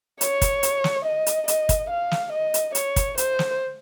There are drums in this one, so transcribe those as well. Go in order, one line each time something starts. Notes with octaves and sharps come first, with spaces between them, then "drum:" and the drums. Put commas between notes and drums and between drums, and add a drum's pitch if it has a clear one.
C#5, drum: hi-hat
drum: kick, hi-hat
drum: hi-hat
drum: snare
D#5
drum: hi-hat
D#5, drum: hi-hat
drum: kick, hi-hat
F5
drum: snare
D#5
drum: hi-hat
C#5, drum: hi-hat
drum: kick, hi-hat
C5, drum: hi-hat
drum: snare